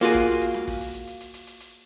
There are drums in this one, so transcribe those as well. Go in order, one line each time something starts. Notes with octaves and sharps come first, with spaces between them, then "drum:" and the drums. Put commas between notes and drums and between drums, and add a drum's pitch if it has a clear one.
A#3 F4 F#4 G#4, drum: hi-hat
drum: kick
drum: hi-hat
drum: hi-hat
drum: snare
drum: kick, open hi-hat
drum: hi-hat
drum: hi-hat
drum: hi-hat
drum: hi-hat
drum: hi-hat
drum: hi-hat
drum: hi-hat